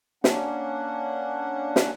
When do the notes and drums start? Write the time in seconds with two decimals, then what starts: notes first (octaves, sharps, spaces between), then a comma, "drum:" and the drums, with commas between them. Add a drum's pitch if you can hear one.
0.24 A#3 C#4 D4 F#5, drum: snare
1.76 drum: snare